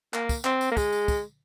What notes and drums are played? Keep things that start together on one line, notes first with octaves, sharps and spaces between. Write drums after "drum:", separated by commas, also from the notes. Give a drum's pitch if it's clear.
A#3, drum: clap
drum: kick, tambourine
C4, drum: clap
drum: tambourine
A#3
G#3, drum: kick, tambourine
drum: tambourine
drum: kick, tambourine